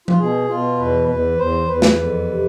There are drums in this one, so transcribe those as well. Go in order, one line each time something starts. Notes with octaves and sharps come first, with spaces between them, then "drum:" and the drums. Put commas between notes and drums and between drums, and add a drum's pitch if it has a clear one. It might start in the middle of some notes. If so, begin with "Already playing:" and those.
F4, drum: tom F3
B2 G#4
B2 F4
E2 B4
E2 B4
E2 C5
E2 B4
drum: snare
F2
C3